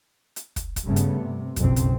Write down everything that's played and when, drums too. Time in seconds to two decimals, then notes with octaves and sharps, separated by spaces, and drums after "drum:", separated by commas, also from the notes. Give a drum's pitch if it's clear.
0.36 drum: hi-hat
0.56 drum: kick, hi-hat
0.76 drum: kick, hi-hat
0.86 G2 C#3 A3 B3
0.96 drum: hi-hat
1.23 C3
1.56 F#1 B1 F2 C4, drum: kick, hi-hat
1.76 drum: hi-hat